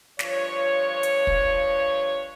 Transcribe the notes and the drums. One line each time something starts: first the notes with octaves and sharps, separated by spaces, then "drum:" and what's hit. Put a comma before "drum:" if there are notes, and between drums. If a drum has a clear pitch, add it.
G2 F3 F4 C#5, drum: snare
drum: hi-hat
drum: kick